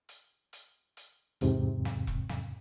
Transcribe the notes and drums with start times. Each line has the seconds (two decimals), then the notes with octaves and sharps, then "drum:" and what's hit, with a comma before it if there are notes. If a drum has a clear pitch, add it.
0.09 drum: hi-hat
0.53 drum: hi-hat
0.97 drum: hi-hat
1.41 E2 G#2 C3, drum: hi-hat
1.85 drum: snare
2.07 drum: kick E1
2.29 drum: snare